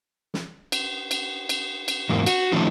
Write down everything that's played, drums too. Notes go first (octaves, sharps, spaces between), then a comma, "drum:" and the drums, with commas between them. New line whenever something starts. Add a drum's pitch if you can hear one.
drum: snare
drum: cymbal
drum: cymbal
drum: cymbal
drum: cymbal
E2 G#2 A#3
F#4, drum: cymbal
D3 D#3 F3 A3 C#4 D#4